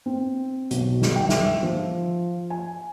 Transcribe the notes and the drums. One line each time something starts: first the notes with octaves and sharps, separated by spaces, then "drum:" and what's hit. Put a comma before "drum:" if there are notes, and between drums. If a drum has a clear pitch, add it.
C4
B1, drum: hi-hat
drum: snare
G5
E5, drum: snare
F3
G#5